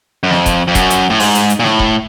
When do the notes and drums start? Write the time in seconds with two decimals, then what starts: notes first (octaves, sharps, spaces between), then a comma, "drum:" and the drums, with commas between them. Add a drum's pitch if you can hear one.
0.23 F#2
0.31 F2, drum: snare
0.46 drum: kick E1, hi-hat
0.68 F2
0.75 F#2, drum: kick E1, hi-hat
0.90 drum: hi-hat
1.10 A2
1.20 G#2, drum: open hi-hat
1.35 drum: hi-hat
1.50 drum: hi-hat
1.60 A#2
1.64 A2, drum: snare
1.79 drum: kick E1